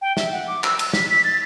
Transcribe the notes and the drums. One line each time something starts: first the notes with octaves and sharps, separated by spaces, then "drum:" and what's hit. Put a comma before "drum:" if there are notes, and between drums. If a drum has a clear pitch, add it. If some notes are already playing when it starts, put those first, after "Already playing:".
G5
E5, drum: snare
F#5
D6
E6, drum: clap
E6, drum: cymbal
B6, drum: snare
B6
A6